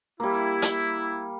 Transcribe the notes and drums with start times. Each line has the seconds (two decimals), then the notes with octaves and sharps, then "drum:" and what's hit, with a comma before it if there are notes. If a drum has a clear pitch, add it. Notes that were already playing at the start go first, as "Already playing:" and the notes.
0.20 G3 A#3 E4
0.62 drum: hi-hat